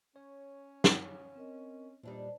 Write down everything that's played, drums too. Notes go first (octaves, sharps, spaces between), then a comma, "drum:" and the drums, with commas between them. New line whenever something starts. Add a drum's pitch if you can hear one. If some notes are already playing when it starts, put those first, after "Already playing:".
C#4 C#5
drum: snare
C4 A#4 D#5
E2 A#2 G3 D4 D#4 C5 A5